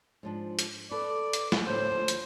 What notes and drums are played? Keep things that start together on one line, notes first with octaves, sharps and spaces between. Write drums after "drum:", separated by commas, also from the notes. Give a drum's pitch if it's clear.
G#2 F3 D4
drum: hi-hat
A4 B4 D5
drum: hi-hat
drum: snare
D2 A2 B4 C5
D2 F3
drum: hi-hat